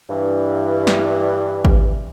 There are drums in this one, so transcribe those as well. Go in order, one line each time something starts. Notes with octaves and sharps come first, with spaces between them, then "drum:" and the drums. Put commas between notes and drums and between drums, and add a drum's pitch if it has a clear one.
G2 E3
drum: snare
drum: kick G#1